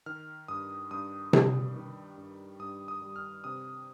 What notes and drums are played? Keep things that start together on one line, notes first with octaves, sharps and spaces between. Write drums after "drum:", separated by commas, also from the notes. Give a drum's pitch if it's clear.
D#3 F6
G2 D#6
G2 D#6
G3, drum: tom C3
D#3
G2
G2 D#6
D#6
G3
F6
C3 D#6